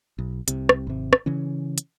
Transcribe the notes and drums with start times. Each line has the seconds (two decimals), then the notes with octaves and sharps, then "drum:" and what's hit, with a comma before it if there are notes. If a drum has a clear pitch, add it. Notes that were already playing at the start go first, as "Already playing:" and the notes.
0.19 B1
0.48 C2 C3, drum: hi-hat
0.69 drum: rim click
0.87 G#1 C3
1.13 drum: rim click
1.26 C#3 E3 C#4
1.78 drum: hi-hat